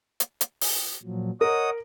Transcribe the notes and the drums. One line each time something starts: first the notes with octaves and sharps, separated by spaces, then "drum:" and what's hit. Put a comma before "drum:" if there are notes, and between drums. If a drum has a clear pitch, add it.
drum: hi-hat
drum: hi-hat
drum: open hi-hat
A#2 F3 F#3
A#4 C#5 D#5 F#5 D#6